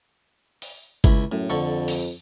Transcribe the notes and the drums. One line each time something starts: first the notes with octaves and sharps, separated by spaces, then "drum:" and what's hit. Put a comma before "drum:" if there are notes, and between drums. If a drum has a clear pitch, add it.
drum: open hi-hat
C#2 E4, drum: kick G1, hi-hat
F#2 A2
F2 D3 A4 C#6
drum: open hi-hat